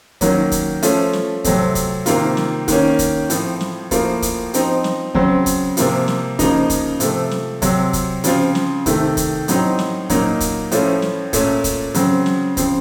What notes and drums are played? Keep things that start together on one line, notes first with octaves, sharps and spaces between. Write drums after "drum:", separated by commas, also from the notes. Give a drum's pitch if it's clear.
D#3 F#3 A#3 C#4, drum: kick, hi-hat
drum: kick, hi-hat
F3 A3 C#4 F4, drum: hi-hat
drum: snare
C3 F#3 A3 C4, drum: kick, hi-hat
drum: kick, hi-hat
C3 D#3 A#3 F4, drum: hi-hat
drum: snare
D#3 A#3 C#4, drum: kick, hi-hat
drum: kick, hi-hat
A2 F3 C4, drum: hi-hat
drum: snare
A2 F3 A#3 F4, drum: kick, hi-hat
drum: kick, hi-hat
F3 C4 D#4, drum: hi-hat
drum: snare
C#3 F#3 C4, drum: kick
drum: kick, hi-hat
C3 F3 A#3 F4, drum: hi-hat
drum: snare
C#3 F3 A#3 D#4, drum: kick, hi-hat
drum: kick, hi-hat
C3 F3 A3, drum: hi-hat
drum: snare
C3 F#3 C4, drum: kick, hi-hat
drum: kick, hi-hat
C#3 F3 C4 F4, drum: hi-hat
drum: snare
C3 D#3 A3, drum: kick, hi-hat
drum: kick, hi-hat
A2 F#3 C4 D#4, drum: hi-hat
drum: snare
A#2 F#3 A#3 D#4, drum: kick, hi-hat
drum: kick, hi-hat
A2 F3 A3 C#4 F4, drum: hi-hat
drum: snare
A#2 A3 C#4, drum: kick, hi-hat
drum: kick, hi-hat
C#3 F#3 C4, drum: hi-hat
drum: snare
C#3 F3 C4, drum: kick, hi-hat